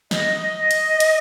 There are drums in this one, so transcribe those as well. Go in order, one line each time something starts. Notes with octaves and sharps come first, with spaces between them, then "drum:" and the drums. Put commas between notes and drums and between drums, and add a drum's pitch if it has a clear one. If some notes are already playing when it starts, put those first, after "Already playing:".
D#5, drum: snare
drum: hi-hat
drum: hi-hat